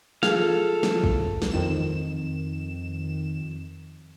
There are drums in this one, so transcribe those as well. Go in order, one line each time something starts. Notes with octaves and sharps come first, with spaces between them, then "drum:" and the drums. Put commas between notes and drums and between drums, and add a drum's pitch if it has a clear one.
F4 G#4 A4 F5, drum: snare
drum: snare
drum: kick
drum: snare
F2 D#3 E7